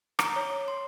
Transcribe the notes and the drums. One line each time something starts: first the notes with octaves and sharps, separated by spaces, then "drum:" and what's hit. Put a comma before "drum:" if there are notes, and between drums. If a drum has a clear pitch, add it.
A#5, drum: rim click
C#5
C6